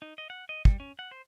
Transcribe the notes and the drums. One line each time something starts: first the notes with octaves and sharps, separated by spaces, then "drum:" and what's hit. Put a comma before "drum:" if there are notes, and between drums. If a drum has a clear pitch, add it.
D#4
D#5
F#5
D#5
G3, drum: kick
C#4
F#5
C5